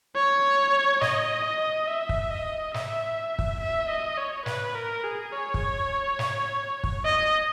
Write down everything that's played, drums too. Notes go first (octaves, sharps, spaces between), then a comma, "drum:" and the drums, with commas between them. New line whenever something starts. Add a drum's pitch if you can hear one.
C#5
D#5, drum: snare
D#5
E5
drum: kick
D#5
E5, drum: snare
drum: kick
E5
D#5
C#5
B4, drum: snare
A#4
G#4
C#5
drum: kick
drum: snare
drum: kick
D#5